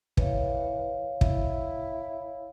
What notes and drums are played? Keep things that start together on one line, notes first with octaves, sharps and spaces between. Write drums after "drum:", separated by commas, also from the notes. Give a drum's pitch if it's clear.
E3 C#5 F5, drum: kick
E4, drum: kick